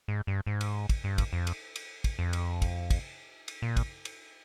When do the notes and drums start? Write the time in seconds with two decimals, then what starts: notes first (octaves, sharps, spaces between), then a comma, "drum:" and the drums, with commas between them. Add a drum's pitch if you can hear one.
0.08 G#2
0.27 G2
0.47 G#2
0.61 drum: cymbal
0.89 drum: kick, cymbal
1.04 G2
1.18 drum: kick, cymbal
1.33 F2
1.47 drum: cymbal
1.76 drum: cymbal
2.04 drum: kick, cymbal
2.19 F2
2.33 drum: cymbal
2.62 drum: kick, cymbal
2.90 drum: kick, cymbal
3.48 drum: cymbal
3.62 A#2
3.77 drum: kick, cymbal
4.05 drum: cymbal